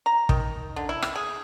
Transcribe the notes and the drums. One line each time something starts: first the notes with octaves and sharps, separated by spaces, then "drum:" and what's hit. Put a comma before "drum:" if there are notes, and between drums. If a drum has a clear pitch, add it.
A#5
D#3, drum: kick
D3
E4
drum: rim click
G#4